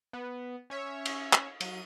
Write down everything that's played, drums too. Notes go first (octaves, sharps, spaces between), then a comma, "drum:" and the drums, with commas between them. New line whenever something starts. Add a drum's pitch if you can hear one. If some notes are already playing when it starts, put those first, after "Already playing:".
B3
C#4 C#5 E5
drum: cymbal
drum: clap
F#3 D#7, drum: cymbal